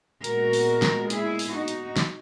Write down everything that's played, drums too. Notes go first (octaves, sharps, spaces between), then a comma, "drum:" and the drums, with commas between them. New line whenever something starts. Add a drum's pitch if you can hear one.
A#2 G#3 B3 F#4 A#4, drum: hi-hat
drum: open hi-hat
drum: snare
E4 G#4, drum: hi-hat
drum: open hi-hat
D#4 F#4
drum: hi-hat
drum: snare